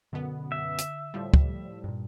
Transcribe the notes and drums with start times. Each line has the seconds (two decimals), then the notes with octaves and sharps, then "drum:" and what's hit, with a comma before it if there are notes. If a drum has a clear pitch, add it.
0.13 F#2 B2 D3 B3
0.52 E5
0.78 drum: hi-hat
1.14 A2 F3 G3
1.34 drum: kick
1.84 G2 A#2